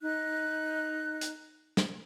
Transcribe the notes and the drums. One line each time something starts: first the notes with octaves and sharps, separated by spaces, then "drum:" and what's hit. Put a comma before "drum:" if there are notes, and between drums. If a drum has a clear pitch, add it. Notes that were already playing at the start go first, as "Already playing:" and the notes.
D#4 F#6
drum: hi-hat
drum: snare